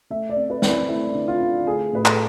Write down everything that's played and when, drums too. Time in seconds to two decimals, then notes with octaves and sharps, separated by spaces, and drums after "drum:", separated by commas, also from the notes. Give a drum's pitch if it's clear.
0.10 A3 E5
0.29 D5
0.36 C4
0.50 B4
0.62 C4, drum: snare
0.68 E4
0.88 A3 E4
1.14 D3
1.28 F4
1.41 D3
1.66 A3 G#4
1.93 A2 B4
2.05 A4, drum: clap